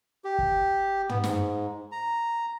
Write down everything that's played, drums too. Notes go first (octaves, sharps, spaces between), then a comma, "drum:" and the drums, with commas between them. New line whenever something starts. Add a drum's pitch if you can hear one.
G4
drum: kick
B3, drum: tom
G#2, drum: snare
A#5